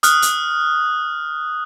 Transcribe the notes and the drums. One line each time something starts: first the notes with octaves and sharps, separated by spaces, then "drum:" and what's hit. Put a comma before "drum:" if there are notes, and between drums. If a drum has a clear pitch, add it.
D#6 F6 F#6, drum: hi-hat
drum: hi-hat